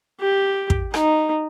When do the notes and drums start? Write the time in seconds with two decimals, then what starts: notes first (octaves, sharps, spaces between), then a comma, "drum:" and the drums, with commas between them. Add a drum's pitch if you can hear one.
0.21 G4
0.70 drum: kick
0.94 D#4, drum: rim click